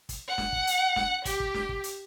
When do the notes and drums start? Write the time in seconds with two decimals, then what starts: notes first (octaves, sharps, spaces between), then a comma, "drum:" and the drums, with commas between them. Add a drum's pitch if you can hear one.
0.09 drum: kick, hi-hat
0.28 F#5
0.38 drum: snare
0.53 drum: kick
0.67 drum: hi-hat
0.96 drum: snare
1.25 G4, drum: kick, hi-hat
1.40 drum: kick
1.54 drum: snare
1.69 drum: kick
1.84 drum: hi-hat